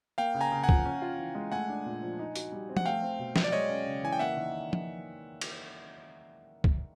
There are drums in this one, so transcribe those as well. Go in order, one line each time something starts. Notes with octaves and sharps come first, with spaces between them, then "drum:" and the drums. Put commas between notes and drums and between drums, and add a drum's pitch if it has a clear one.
A#3 F5 G5
C#3
G#5 A#5
C#3
F#5 G#5
F3, drum: kick
C#4
F4
E3
G#3
A3 F#5 G#5
D4
A#2
F3
D#4
F#4, drum: hi-hat
G3
C4
F#5, drum: tom F3
A3 F5 G5
C4
B2
F#3, drum: snare
D5
G#3 C#5 D#5
C#4
C#3
E3 G#5
G5
A#3 E5 F#5
D#3
drum: tom F3
drum: cymbal
drum: kick